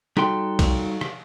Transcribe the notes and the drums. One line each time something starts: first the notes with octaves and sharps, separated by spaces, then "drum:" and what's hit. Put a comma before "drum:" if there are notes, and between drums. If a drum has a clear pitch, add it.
G3 D#4 F#4 A4 G5 C6, drum: rim click
drum: kick B1, cymbal
drum: rim click